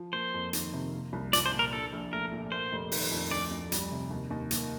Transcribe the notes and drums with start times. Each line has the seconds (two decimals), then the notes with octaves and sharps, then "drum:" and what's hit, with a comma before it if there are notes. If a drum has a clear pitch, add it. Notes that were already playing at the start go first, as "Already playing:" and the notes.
Already playing: F3
0.13 A#3 C5
0.34 F2
0.53 D#3, drum: hi-hat
0.73 C3
0.93 A#3
1.13 C2
1.33 F3 D5, drum: hi-hat
1.46 C5
1.52 A#2
1.59 A#4
1.72 D4 A4
1.93 A#1
2.13 A3 A#4
2.32 A#2
2.52 A#3 C5
2.72 F1
2.92 D#3, drum: open hi-hat
3.11 F2
3.31 D2 D5
3.51 D2
3.72 G3, drum: hi-hat
3.92 C3
4.11 D#2
4.30 D#2
4.51 A#3, drum: hi-hat